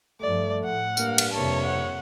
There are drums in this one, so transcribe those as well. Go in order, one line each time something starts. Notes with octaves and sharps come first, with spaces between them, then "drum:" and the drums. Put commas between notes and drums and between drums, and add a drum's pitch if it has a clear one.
G2 F3 A3 D5
A2 F#5
G2 A#3 F5, drum: tambourine
drum: cymbal
F2 C3 A#3 C#5 A5
F#5